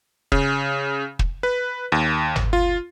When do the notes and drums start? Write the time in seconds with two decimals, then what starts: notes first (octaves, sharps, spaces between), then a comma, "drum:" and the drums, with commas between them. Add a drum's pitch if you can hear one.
0.32 C#3, drum: kick
1.19 drum: kick
1.43 B4
1.92 D#2
2.36 drum: tom
2.53 F4